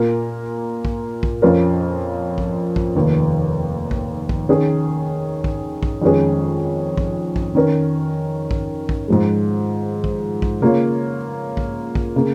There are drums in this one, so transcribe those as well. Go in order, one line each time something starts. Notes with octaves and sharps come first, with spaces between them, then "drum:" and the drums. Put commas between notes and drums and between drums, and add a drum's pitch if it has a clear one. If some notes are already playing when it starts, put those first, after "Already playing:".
Already playing: A#2 A#3 F4 A#4
drum: kick
drum: kick
F2 F3 C#4 F4 A#4
drum: kick
drum: kick
F1 D#2 D#3
drum: kick
drum: kick
D#3 C#4 G#4
drum: kick
drum: kick
F2 D#3 G#3 C#4 G#4
drum: kick
drum: kick
D#3 C#4 A#4
drum: kick
drum: kick
G#2 F3 G#3
drum: kick
drum: kick
C#3 A#3 F4 C#5
drum: kick
drum: kick
C#3 A#3